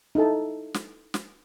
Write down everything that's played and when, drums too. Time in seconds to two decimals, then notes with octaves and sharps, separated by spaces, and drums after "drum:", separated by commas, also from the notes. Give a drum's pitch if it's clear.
0.15 D#4 E4 A4 A5
0.74 drum: snare
1.14 drum: snare